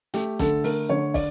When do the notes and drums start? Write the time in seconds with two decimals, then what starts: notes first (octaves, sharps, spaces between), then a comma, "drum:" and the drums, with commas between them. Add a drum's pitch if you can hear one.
0.14 A3 G4, drum: hi-hat
0.39 D3 A4, drum: kick, hi-hat
0.64 A3 A#4, drum: open hi-hat
0.89 D3 C#5
1.14 D5, drum: kick, open hi-hat